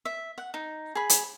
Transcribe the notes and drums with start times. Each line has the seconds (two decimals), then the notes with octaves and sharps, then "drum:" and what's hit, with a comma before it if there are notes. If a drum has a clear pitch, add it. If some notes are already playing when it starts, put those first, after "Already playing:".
0.05 E5
0.38 F#5
0.54 D#4
0.95 G#4 B5
1.09 drum: hi-hat